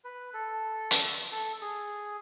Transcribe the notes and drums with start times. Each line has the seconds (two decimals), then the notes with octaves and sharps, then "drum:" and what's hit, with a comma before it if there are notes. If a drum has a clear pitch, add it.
0.05 B4
0.34 A4
0.91 drum: hi-hat
1.32 A4
1.61 G#4